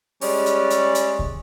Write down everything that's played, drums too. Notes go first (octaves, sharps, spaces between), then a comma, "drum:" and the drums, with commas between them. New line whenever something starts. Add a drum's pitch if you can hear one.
G3 G#3 C#4 D5, drum: open hi-hat
drum: hi-hat
drum: hi-hat
drum: hi-hat
drum: kick